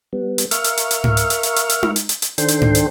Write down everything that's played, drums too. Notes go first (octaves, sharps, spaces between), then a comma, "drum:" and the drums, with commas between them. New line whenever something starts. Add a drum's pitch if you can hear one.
G3 B3
drum: hi-hat
A#4 E5 F5 C#6 F6, drum: hi-hat
drum: hi-hat
drum: hi-hat
drum: hi-hat
drum: tom G#2
drum: hi-hat
drum: hi-hat
drum: hi-hat
drum: hi-hat
drum: hi-hat
drum: tom D#4
drum: hi-hat
drum: hi-hat
drum: hi-hat
D#3 D4 A4 C5 G5 C6, drum: hi-hat
drum: hi-hat
drum: tom G#2
drum: hi-hat